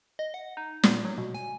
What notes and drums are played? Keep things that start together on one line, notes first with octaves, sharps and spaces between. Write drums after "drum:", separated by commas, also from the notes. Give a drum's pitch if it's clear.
D#5
F#5
D#4
A#2, drum: snare
F#3
B2
G#5